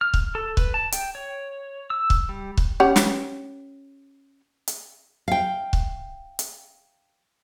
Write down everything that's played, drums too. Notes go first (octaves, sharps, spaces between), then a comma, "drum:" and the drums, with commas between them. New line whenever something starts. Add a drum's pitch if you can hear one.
F6
drum: kick C#1
A4
B4, drum: kick C#1
A5
G5, drum: hi-hat
C#5
E6
drum: kick C#1
G3
drum: kick C#1
C#4 G4 F#5
drum: snare
drum: hi-hat
F5 G5
drum: kick C#1
drum: hi-hat